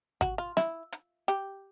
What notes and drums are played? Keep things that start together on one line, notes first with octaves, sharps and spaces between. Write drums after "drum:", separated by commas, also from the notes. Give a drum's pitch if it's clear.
F#4, drum: kick G#1, hi-hat
F4
E4, drum: rim click
drum: hi-hat
G4, drum: hi-hat